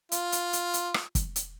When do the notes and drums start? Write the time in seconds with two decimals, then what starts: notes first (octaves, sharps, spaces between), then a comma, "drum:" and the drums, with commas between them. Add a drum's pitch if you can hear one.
0.12 F4, drum: hi-hat
0.32 drum: hi-hat
0.53 drum: hi-hat
0.74 drum: hi-hat
0.94 drum: rim click
1.15 drum: kick, hi-hat
1.36 drum: hi-hat